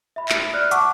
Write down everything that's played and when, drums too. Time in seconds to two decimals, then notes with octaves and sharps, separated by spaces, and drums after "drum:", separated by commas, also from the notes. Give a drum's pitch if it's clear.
0.16 E5 B5
0.29 drum: clap
0.54 D5 F6 F#6
0.71 F#5 A5 C#6 D6 E6, drum: hi-hat